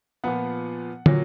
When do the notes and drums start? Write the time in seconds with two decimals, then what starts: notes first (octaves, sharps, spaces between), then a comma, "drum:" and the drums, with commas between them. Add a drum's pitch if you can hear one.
0.24 A#2 F3 B3 F#5
1.06 A#2 F#3, drum: tom